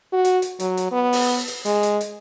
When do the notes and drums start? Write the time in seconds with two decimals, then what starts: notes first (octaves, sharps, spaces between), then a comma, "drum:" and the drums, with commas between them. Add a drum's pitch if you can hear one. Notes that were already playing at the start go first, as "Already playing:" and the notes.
0.12 F#4
0.25 drum: hi-hat
0.42 drum: hi-hat
0.60 F#3, drum: hi-hat
0.77 drum: hi-hat
0.92 B3
1.13 drum: open hi-hat
1.48 drum: hi-hat
1.65 G#3, drum: hi-hat
1.83 drum: hi-hat
2.01 drum: hi-hat